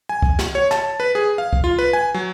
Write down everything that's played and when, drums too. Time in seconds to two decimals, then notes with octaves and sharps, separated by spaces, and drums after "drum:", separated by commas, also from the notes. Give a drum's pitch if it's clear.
0.09 G#5
0.22 drum: kick C2
0.39 drum: snare
0.55 C#5
0.71 A5, drum: snare
1.00 B4
1.15 G#4
1.38 F5
1.53 drum: kick C2
1.64 F4
1.79 B4
1.93 G#5
2.14 F#3